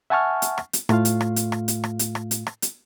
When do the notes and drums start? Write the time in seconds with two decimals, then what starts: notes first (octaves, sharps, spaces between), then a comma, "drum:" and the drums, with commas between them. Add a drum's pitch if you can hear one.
0.10 E5 F#5 G#5 A5 C#6 F6
0.42 drum: hi-hat
0.58 drum: rim click
0.73 drum: hi-hat
0.89 A2 A3 F4 F5, drum: rim click
1.05 drum: hi-hat
1.21 drum: rim click
1.36 drum: hi-hat
1.52 drum: rim click
1.68 drum: hi-hat
1.84 drum: rim click
1.99 drum: hi-hat
2.15 drum: rim click
2.31 drum: hi-hat
2.47 drum: rim click
2.62 drum: hi-hat